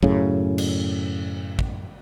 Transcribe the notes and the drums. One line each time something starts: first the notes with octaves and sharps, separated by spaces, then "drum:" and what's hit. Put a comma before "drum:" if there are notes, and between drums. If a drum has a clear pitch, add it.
F#2 A2 C#3, drum: kick
drum: cymbal
drum: kick